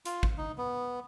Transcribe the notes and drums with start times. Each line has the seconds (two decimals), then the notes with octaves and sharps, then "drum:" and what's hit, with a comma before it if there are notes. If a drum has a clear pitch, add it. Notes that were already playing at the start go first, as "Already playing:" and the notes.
0.05 F4, drum: hi-hat
0.23 drum: kick
0.37 D#4
0.58 B3